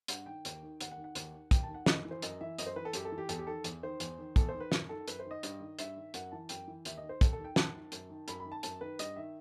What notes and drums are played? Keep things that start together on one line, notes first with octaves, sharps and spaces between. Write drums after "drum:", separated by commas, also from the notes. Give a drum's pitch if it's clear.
G2 F#5, drum: hi-hat
D#3 G5
D#2, drum: hi-hat
D#3
D#2 F#5, drum: hi-hat
F#5
D#3
F#5
D#2, drum: hi-hat
D#3
D#2 G5, drum: kick, hi-hat
A5
D#3
F#5
F#2 D#5, drum: snare
E3
C5
F#2 D#5, drum: hi-hat
E3 E5
F#2 D#5, drum: hi-hat
C5
E3 B4
A4
F#2 G4, drum: hi-hat
A4
E3
G4
E2 A4, drum: hi-hat
G4
D#3 A4
E2, drum: hi-hat
D#3 C5
E2, drum: hi-hat
D#3
E2 A4, drum: kick, hi-hat
C5
D#3
B4
F#2, drum: snare
D#3 A4
F#2 B4, drum: hi-hat
C5
D#3
D#5
G2, drum: hi-hat
D#3
G2 E5, drum: hi-hat
D#3
F#2 F#5, drum: hi-hat
E3 A5
F#2 G5, drum: hi-hat
E3
D#2 E5, drum: hi-hat
D#5
D#3
C5
D#2 A4, drum: kick, hi-hat
A4
D#3
G5
F#2 A5, drum: snare
D#3
F#2, drum: hi-hat
D#3
F#2 B5, drum: hi-hat
B5
D#3
A5
F#2 A5, drum: hi-hat
D#3 B4
G2 D#5, drum: hi-hat
D#3 E5